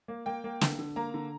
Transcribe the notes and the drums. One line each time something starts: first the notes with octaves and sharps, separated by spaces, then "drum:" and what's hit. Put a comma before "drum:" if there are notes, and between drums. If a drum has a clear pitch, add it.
A#3
A#3 G5
A#3
D3, drum: snare
D3
A#3 A#5
D3